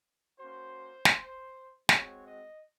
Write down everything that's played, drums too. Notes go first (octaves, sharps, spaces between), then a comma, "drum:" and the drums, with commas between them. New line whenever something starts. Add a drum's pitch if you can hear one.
A#3 C#4 F#4 C5
drum: snare
G#3 C4 F#4 C#5, drum: snare
D#5